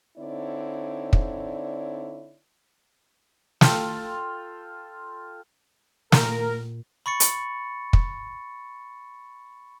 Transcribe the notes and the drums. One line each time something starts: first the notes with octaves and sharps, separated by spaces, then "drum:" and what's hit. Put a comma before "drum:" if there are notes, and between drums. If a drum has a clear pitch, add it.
D3 C4 D#4 E4 C#5 D5
drum: kick
F4 A4 F5 G5, drum: snare
A#2 A#4, drum: snare
B5 C#6 A6 C#7
drum: hi-hat
drum: kick